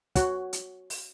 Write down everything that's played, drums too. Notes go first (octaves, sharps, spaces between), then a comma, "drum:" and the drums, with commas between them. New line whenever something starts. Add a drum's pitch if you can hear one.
F#4 C#5 F#5, drum: kick, hi-hat
drum: hi-hat
drum: open hi-hat